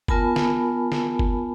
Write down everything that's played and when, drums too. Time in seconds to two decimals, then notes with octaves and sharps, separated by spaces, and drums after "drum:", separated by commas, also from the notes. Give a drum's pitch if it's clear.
0.08 B3 F4 A#4 G#5 A5 B5, drum: kick G1
0.36 drum: snare
0.92 drum: snare
1.19 drum: kick G1